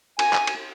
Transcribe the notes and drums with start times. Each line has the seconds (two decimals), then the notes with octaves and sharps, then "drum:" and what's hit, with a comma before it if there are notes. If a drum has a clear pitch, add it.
0.19 G#5, drum: cymbal
0.33 drum: clap
0.47 drum: cymbal